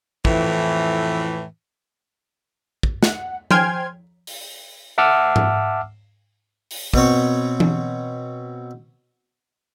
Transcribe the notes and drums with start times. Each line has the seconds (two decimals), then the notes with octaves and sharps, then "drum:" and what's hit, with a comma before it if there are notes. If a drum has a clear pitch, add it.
0.25 F2 A2 E3, drum: kick
2.83 drum: kick
3.03 F#5, drum: snare
3.51 C5 G5 G#5 C6 F6 G#6, drum: tom F3
4.27 drum: open hi-hat
4.98 E5 F#5 A5 D6 E6 F6
5.36 drum: tom G#2
6.71 drum: open hi-hat
6.94 B2 C4 C#5, drum: kick
7.60 drum: tom E3